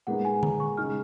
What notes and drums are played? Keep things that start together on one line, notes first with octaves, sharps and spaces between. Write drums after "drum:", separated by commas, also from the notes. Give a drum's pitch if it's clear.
A#2 G#3 B3 D#4 F#5
G#5
A#5, drum: tom D3
C#6
C#3 G#3 D#4 F6